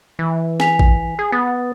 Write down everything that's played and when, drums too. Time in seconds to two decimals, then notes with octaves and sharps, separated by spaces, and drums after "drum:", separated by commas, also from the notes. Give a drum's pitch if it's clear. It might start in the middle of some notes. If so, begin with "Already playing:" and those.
0.19 E3
0.60 G#5 B6 F7, drum: snare
0.79 drum: kick
1.19 G#4
1.32 B3 D#6 A6